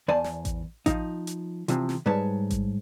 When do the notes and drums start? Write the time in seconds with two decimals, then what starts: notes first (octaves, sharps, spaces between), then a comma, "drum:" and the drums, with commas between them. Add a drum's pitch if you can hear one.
0.08 E2 C5 D5 G#5 A5
0.24 drum: snare
0.45 drum: kick A1, hi-hat
0.86 F3 D#4, drum: kick A1, hi-hat
1.27 drum: hi-hat
1.68 C3 E3 F3, drum: hi-hat
1.89 drum: snare
2.06 G#2 G3 B4 C#5 A5
2.50 drum: kick A1, hi-hat